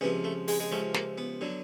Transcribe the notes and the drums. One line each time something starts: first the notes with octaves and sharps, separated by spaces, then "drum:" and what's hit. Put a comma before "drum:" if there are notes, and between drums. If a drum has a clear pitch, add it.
C#2 C3 F3 B3
A3
G#3, drum: open hi-hat
G#3
C#2 C3 F3 A3
A#3, drum: snare
B3
D3 F#3